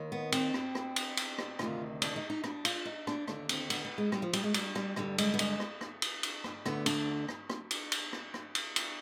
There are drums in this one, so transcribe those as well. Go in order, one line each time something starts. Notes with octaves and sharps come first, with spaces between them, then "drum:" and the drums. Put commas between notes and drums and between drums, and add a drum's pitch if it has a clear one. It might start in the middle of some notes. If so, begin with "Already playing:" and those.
Already playing: D#2 D#3
B3
C4, drum: cymbal
drum: rim click
drum: rim click
drum: cymbal
drum: cymbal
drum: rim click
D2 C3 D#3 F4, drum: rim click
D4, drum: cymbal
D#4
D#4
D4, drum: rim click
F4, drum: cymbal
D#4
D4, drum: rim click
D#2 D3 D4, drum: rim click
C4, drum: cymbal
B3, drum: cymbal
B3
G#3
G3, drum: rim click
F3
G3, drum: cymbal
G#3
G3, drum: cymbal
G3, drum: rim click
G2 D3 G3, drum: rim click
G#3, drum: cymbal
B3
G#3, drum: cymbal
drum: rim click
drum: rim click
drum: cymbal
drum: cymbal
drum: rim click
D2 D3 B3, drum: rim click
D4, drum: cymbal
drum: rim click
drum: rim click
drum: cymbal
drum: cymbal
drum: rim click
drum: rim click
drum: cymbal
drum: cymbal